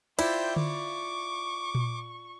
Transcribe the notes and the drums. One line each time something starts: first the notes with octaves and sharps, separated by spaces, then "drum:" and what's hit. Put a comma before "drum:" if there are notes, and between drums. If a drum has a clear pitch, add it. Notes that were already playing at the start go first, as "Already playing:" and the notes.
E4 F4 C5 D5 E5 G5 G6, drum: cymbal
C#6 D6, drum: tom D3
drum: tom A#2